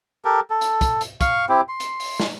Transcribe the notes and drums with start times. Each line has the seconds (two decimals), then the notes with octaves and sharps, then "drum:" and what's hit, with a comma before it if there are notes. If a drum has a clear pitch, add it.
0.25 G4 A4 A#4
0.50 A4
0.61 drum: hi-hat
0.81 drum: kick, hi-hat
1.01 drum: hi-hat
1.21 F5 C#6, drum: kick, hi-hat
1.49 C4 E4 G4
1.68 C6
1.80 drum: hi-hat
2.00 drum: open hi-hat
2.20 drum: snare